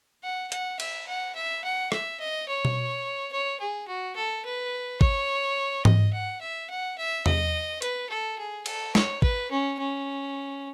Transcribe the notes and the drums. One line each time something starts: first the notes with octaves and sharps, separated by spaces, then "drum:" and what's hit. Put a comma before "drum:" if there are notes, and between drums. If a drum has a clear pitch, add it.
F#5
F#5, drum: hi-hat
E5, drum: cymbal
F#5
E5
F#5
E5, drum: rim click
D#5
C#5
drum: tom B2
C#5
G#4
F#4
A4
B4
C#5, drum: kick
D#5, drum: tom G#2
F#5
E5
F#5
E5
D#5, drum: tom E2
B4, drum: hi-hat
A4
G#4
A4, drum: cymbal
C#5, drum: snare
B4, drum: kick
C#4
C#4